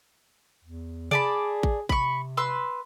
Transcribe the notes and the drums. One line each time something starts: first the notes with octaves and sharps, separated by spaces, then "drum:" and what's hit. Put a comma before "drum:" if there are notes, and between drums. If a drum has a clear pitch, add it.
E2
G#4 D5 A5 B5, drum: tom C3
drum: kick A1
C3 B5 C#6, drum: kick A1
B4 C6 E6